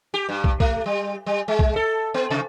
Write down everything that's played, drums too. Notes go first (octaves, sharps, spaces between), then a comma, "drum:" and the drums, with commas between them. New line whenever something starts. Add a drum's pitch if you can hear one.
G4
G2
drum: kick
A3, drum: kick
G3
G3
G#3
drum: kick
A4
B3
C3